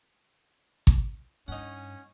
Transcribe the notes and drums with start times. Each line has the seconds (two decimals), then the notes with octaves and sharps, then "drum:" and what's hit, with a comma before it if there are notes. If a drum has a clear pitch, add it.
0.87 drum: kick G#1
1.48 G2 C#4 D#4 F#5